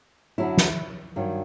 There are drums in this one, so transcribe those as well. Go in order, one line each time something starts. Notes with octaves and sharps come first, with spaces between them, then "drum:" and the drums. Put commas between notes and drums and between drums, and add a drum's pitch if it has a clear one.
F#2 D3 F#3 E4
drum: snare
G2 D#3 F#3